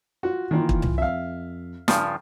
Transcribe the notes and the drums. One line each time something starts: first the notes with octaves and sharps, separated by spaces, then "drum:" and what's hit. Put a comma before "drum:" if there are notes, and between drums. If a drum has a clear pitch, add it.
F4 F#4
D#3 E3 A#3 F4
drum: kick
drum: tom C2
F2 E5 F5
G2 C#3 F3, drum: snare